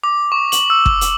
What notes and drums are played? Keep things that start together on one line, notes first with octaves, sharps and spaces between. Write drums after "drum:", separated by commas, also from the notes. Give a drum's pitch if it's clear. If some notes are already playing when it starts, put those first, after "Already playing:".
D6
C#6
F#7, drum: hi-hat
E6
drum: kick
drum: hi-hat